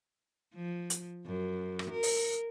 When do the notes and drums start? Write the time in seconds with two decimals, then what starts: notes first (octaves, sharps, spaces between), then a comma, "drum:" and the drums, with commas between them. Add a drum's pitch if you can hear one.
0.55 F3
0.90 drum: hi-hat
1.26 F#2
1.79 drum: rim click
1.91 A#4
2.03 drum: open hi-hat